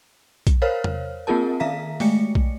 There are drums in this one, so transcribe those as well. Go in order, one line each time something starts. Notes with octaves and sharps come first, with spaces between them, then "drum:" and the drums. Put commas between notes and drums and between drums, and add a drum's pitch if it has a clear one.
drum: kick B1, hi-hat
A#4 C5 C#5 F5 F6
drum: tom E2
A#3 C4 F4 G#4 A#4 A5
D#3 E5 F5 A#5 B6
G#3 A3 C#7, drum: open hi-hat
drum: kick B1